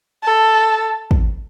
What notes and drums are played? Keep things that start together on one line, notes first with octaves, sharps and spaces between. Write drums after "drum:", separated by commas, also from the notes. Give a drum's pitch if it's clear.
A4
drum: kick